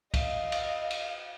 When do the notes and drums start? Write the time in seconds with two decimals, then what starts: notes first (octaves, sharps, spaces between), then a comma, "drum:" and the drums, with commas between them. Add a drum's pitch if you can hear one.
0.14 D#5 F5, drum: kick, cymbal
0.52 drum: cymbal
0.91 drum: cymbal